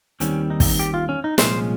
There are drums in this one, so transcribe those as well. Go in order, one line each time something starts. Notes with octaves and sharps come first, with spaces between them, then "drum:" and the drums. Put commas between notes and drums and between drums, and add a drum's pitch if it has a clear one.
D#2 D#3 G3 C4 C#4, drum: hi-hat
D#4
drum: kick, open hi-hat
G4
F4
C#4
D#4
C2 A#2 F3 G#3 C#4 C5, drum: snare